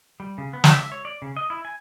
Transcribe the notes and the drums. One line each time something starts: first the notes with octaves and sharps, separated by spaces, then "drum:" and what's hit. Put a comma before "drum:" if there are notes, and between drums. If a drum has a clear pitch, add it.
G3
C#3
B3
drum: snare
E5
C#5
D5
C#3
D#5
E4
G#5